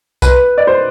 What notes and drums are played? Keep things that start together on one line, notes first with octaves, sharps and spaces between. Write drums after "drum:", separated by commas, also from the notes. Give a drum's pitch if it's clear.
B4, drum: kick B1, tambourine
D5
C5